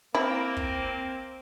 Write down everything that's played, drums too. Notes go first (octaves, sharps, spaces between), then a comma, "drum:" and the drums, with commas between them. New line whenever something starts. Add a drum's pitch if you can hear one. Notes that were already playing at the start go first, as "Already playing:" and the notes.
A#3 C4 E4
drum: kick